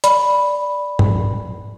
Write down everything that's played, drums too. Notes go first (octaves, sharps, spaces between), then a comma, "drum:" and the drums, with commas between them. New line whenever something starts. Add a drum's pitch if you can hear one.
D5 B5, drum: hi-hat
drum: tom G#2